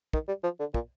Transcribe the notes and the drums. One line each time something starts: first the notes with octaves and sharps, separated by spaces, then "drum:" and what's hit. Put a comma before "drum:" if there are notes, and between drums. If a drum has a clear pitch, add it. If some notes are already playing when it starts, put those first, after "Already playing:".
D#3, drum: kick
G3
F3
D3
A#2, drum: kick